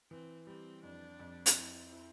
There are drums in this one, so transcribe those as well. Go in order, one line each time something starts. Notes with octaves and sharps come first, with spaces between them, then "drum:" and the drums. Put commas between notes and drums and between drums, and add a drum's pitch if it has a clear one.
E3 C4
G3 C4
F2 D4
F2
drum: hi-hat
C4 E4
E4